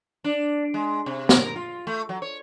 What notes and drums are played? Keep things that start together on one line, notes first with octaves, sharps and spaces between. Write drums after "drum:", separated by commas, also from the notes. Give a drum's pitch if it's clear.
D4
G#3
C3
A#4, drum: snare
F4
A3
F#3
C#5